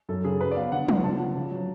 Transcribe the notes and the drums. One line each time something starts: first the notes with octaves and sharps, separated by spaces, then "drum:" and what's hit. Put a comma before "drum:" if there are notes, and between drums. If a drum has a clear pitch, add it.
F#2 A4
C#3 G#4
F#3 B4
D5
B3 F5
D3 F#5
F3, drum: tom
C#3 A5
F3
C#3
F#3